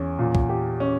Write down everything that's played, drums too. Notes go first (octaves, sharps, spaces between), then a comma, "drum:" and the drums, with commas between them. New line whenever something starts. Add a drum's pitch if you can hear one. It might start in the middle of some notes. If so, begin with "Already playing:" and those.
Already playing: E2 C#4
A#2
drum: kick
G4
C#4